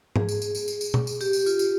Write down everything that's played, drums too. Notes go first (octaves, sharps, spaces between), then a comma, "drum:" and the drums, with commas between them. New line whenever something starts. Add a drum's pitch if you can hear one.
G#4, drum: tom G#2
drum: tambourine
drum: tambourine
drum: tambourine
drum: tambourine
drum: tambourine
drum: tom B2
drum: tambourine
G4, drum: tambourine
drum: tambourine
F4, drum: tambourine
drum: tambourine